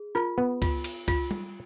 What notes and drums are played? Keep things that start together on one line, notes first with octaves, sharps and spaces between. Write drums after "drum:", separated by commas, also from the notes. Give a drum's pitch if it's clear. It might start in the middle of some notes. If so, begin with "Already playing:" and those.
Already playing: G#4
F4 A#4
B3
F4, drum: kick, cymbal
drum: cymbal
F4, drum: kick, cymbal
drum: tom G3